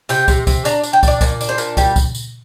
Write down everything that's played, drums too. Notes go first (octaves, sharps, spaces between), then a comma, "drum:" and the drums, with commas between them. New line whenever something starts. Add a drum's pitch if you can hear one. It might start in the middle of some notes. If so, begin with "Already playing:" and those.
C3 G5, drum: tambourine
C3, drum: kick, tambourine
C3, drum: kick, tambourine
D4 A#5, drum: tambourine
D4, drum: tambourine
G5
D4 D5, drum: kick, tambourine
A#2 D5, drum: kick, tambourine
D4, drum: tambourine
C5
A#2, drum: tambourine
G3 G4, drum: kick, tambourine
drum: kick, tambourine
drum: tambourine